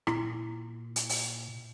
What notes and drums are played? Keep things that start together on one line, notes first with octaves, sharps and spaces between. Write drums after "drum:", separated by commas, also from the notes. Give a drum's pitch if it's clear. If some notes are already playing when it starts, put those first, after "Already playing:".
A#2 E4, drum: rim click
drum: hi-hat
drum: open hi-hat